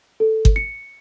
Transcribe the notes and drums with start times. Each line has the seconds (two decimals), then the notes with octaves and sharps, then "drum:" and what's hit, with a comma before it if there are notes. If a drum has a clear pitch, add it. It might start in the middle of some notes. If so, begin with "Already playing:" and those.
0.20 A4
0.45 drum: kick G1
0.56 C#7